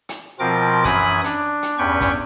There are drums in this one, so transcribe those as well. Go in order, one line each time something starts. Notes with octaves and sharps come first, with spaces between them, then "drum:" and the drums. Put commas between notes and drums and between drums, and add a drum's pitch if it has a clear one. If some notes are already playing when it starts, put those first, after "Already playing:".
drum: hi-hat
B2 F3 C4 F4 A#4 D6
F#2 E3 G#5 B5 D#6 F#6, drum: kick, hi-hat
D4, drum: hi-hat
drum: hi-hat
E2 G2 C#4 B4 G5 C#6
drum: kick, hi-hat